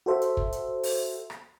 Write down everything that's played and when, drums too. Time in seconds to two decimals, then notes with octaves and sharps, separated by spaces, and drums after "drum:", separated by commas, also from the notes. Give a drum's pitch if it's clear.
0.06 F#4 A4 C5 E5
0.22 drum: hi-hat
0.37 drum: kick
0.53 drum: hi-hat
0.83 drum: open hi-hat
1.30 drum: rim click